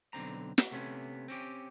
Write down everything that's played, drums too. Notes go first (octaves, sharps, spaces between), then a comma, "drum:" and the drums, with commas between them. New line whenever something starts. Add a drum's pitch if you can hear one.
B1 F2 D3 C4 A#5
drum: snare
C3 A3 B3 C#4
C4 C#4 G4